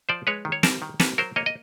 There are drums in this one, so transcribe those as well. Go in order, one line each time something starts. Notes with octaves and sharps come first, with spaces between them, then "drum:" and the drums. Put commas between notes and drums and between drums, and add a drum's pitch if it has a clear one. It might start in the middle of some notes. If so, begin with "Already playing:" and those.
F3 C5 D5
G#3 B4 C#5
D#3
C#5
G3 A#4 C5, drum: snare
D#3
A#3 A4 B4, drum: snare
F#3 A#4 C5
A#3 C#5 D#5
D#5